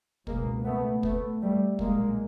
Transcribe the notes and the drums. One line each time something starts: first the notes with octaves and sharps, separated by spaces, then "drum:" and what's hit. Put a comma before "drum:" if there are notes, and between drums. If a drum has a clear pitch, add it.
C#2 B2 G#3 A#3, drum: kick
A3 B3
A3 B3, drum: kick
G3 A3
B1 A#2 G#3 A#3, drum: kick